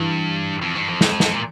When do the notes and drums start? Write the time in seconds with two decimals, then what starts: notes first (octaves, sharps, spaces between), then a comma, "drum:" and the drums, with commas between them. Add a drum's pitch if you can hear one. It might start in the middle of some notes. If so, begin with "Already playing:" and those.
Already playing: G2 E3
0.62 F2
0.75 G2
0.88 F2
1.01 drum: snare
1.20 drum: snare
1.33 A#2